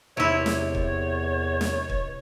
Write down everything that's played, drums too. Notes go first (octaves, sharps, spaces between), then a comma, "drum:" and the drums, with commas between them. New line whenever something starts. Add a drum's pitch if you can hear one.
E2 C3 E4 C#5
drum: snare
drum: kick
drum: snare
drum: kick